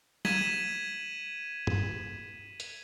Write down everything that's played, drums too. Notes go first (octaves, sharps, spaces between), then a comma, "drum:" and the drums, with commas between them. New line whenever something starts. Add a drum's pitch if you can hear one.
G#6 B6 D#7 E7 F#7, drum: snare
drum: tom
drum: hi-hat